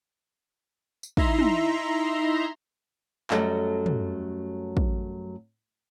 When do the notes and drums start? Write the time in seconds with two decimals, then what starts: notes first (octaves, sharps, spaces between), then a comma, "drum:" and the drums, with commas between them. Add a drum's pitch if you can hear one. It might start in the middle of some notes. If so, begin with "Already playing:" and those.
1.03 drum: tambourine
1.17 D#4 E4 E5 A#5 C6, drum: kick
1.39 drum: tom
3.30 F#2 F#3 G3 A3 A4 D#5, drum: clap
3.86 drum: tom
4.77 drum: kick